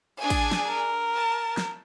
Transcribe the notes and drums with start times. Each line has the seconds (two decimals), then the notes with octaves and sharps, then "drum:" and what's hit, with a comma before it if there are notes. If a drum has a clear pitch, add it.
0.20 D4 G#4 G#5
0.30 drum: kick, cymbal
0.51 drum: snare
0.68 A#4
1.15 A5
1.57 drum: snare